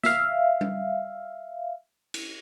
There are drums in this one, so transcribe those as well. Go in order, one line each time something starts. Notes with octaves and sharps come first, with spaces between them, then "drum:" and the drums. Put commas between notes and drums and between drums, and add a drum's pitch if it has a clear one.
E5 F5, drum: snare
drum: tom G3
drum: cymbal